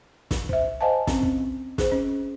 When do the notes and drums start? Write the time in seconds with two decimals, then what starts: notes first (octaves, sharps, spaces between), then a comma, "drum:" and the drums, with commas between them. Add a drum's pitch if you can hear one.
0.31 drum: snare
0.49 C5 E5, drum: kick
0.81 C5 D#5 F5 G#5 A5
1.07 C4 C#4, drum: snare
1.23 drum: kick
1.78 G#4 C5, drum: snare
1.92 C#4